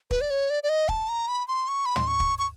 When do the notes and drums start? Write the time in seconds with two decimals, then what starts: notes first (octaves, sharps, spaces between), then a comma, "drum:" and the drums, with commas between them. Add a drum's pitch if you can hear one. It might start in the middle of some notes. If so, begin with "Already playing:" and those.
0.11 B4, drum: kick
0.21 D5
0.30 C#5
0.50 D5
0.63 D5
0.69 D#5
0.89 A5, drum: kick
1.09 A#5
1.28 B5
1.48 C6
1.68 C#6
1.86 B5
1.96 C6, drum: tom
2.07 C#6
2.20 drum: kick
2.39 C#6